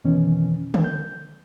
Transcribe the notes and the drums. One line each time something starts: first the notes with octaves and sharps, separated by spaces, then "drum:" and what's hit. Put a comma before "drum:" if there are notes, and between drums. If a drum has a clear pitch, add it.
F2 B2 D#3 E3 C#4
drum: tom D3
G6